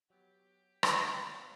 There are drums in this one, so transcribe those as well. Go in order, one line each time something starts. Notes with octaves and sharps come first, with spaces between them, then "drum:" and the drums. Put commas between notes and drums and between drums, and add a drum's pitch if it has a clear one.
F#3 B3 G4
C#2 E4 D#5 F5, drum: rim click
F#3 A#3 B3 A#4